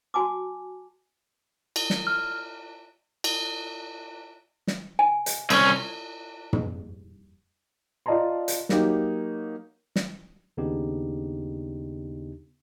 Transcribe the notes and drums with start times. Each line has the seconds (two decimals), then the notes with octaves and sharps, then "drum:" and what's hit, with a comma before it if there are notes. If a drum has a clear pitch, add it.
0.14 F#4 G#5 A5 D6
1.76 drum: cymbal
1.90 drum: snare
2.07 F6
3.24 drum: cymbal
4.67 drum: snare
4.99 G#5
5.26 drum: hi-hat
5.50 C2 C#4, drum: cymbal
6.53 drum: tom
8.06 F4 D5 D#5 A5 A#5 C6
8.48 drum: hi-hat
8.69 F#3 A#3 D#4 G4, drum: snare
9.96 drum: snare
10.57 D#2 C#3 B3 D4 D#4 G4